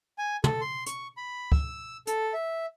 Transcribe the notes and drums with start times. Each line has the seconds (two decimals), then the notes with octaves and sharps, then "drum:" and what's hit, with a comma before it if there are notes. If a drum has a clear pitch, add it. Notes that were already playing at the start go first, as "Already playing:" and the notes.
0.18 G#5
0.44 A4, drum: tom
0.61 C6
0.86 C#6, drum: hi-hat
1.17 B5
1.52 E6, drum: kick C#2
2.07 A4, drum: hi-hat
2.33 E5